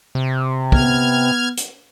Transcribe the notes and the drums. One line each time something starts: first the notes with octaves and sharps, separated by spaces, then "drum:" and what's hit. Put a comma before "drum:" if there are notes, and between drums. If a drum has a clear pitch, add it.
C3
B3 F6 G#6, drum: kick
drum: hi-hat